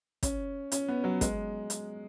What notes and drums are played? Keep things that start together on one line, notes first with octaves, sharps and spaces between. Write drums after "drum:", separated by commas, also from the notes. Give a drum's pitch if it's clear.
C#4, drum: kick, hi-hat
C#4, drum: hi-hat
B3
F#3
G#3, drum: kick, hi-hat
drum: hi-hat